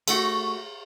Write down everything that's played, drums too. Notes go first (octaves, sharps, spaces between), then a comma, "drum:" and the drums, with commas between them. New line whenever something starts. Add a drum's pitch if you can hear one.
A3 F#4, drum: cymbal